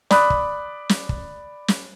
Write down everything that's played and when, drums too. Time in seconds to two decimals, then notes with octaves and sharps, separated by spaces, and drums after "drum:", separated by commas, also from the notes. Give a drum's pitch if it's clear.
0.11 D5 B5 D#6 F#6, drum: snare
0.30 drum: kick
0.89 drum: snare
1.09 drum: kick
1.68 drum: snare